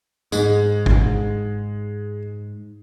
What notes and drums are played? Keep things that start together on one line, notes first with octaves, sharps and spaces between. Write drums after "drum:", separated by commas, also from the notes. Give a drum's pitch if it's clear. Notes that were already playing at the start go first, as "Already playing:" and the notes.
G#2 G#3, drum: tambourine
drum: kick